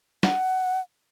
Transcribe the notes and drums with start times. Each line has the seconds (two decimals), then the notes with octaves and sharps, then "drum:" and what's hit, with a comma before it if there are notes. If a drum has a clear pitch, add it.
0.23 F#5, drum: snare